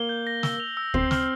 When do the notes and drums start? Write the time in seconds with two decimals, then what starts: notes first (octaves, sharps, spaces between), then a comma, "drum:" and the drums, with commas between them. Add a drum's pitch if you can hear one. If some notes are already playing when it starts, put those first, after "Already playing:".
Already playing: A#3 G7
0.09 G6
0.27 A#6
0.43 E6, drum: snare
0.60 F7
0.77 E6
0.94 C4 C7, drum: kick
1.11 F6, drum: snare